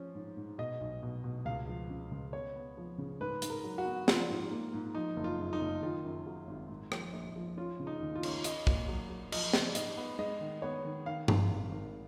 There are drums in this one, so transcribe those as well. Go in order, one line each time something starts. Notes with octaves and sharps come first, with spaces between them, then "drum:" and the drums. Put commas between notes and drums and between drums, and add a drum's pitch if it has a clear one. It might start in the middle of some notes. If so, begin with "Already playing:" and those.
Already playing: F3 C#4
G#2
G#2
B2 D#5
B1
B2
B2
C#2 F5
F3
C#3
C#2
B3 C#5
B3
F3
C#3
G#2 B4
G#2, drum: hi-hat
A#4
F#3
F#4
B3
F3 F4, drum: snare
G#2
A#3
G#2
F3 D#4
F#1
F4
F#2
D#4
F#1
D#3 F4
F#2
F#3
G#1
G#2
F3, drum: rim click
A#1
F3
C#4 F4
C#3
D#4
D#2
F4
C#4, drum: cymbal
C#4 D#5, drum: hi-hat
A#2, drum: kick
F#3
F#3
F3 D#5, drum: cymbal
G#3, drum: snare
G#2 D#5, drum: hi-hat
B3
G#3 D#5
D#3
B3 C#5
D#3
D#3 F5
G#1, drum: tom G2
G#1
G#1